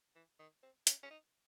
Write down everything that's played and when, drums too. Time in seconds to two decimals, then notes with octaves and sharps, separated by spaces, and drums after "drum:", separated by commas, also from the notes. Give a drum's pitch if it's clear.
0.16 E3
0.40 D#3
0.63 C4
0.87 C#4, drum: hi-hat
1.03 C#4
1.10 D#4